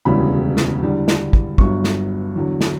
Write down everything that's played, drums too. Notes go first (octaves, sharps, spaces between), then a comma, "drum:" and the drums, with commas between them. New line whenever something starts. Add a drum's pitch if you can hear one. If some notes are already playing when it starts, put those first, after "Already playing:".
E1 D2 C#3 E3 G3 B5
drum: snare
E2 D3 G3
drum: snare
drum: kick
G1 G2 F#3 C#6, drum: kick
drum: snare
E2 D3 F#3
drum: snare